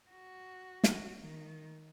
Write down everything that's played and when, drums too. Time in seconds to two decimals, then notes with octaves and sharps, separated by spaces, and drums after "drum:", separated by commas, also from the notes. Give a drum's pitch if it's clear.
0.11 F#4
0.84 drum: snare
1.20 D#3